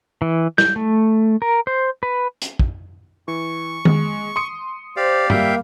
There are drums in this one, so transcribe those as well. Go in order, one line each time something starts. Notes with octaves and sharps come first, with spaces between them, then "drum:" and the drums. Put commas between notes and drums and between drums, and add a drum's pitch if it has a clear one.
E3
G6, drum: snare
A3
A#4
C5
B4
drum: hi-hat
drum: kick
E3 C#6
G#3, drum: tom D#3
C6 D#6 C#7
G4 C5 D5 F5
G3 A#3 E5 F5 G5, drum: tom G2